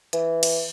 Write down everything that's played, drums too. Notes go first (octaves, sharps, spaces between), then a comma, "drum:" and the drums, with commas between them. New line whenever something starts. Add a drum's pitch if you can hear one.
E3, drum: hi-hat
drum: cymbal